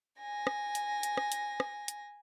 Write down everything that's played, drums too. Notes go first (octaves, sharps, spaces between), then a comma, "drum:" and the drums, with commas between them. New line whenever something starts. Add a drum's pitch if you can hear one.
G#5 A#6
drum: rim click
drum: hi-hat
drum: hi-hat
drum: rim click
drum: hi-hat
drum: rim click
drum: hi-hat